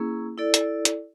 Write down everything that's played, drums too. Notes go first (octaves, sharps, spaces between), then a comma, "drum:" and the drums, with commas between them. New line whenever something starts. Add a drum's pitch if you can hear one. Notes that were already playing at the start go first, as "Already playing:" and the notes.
Already playing: A#3 C#4 E4 G#4
E4 A4 D5
drum: hi-hat
drum: hi-hat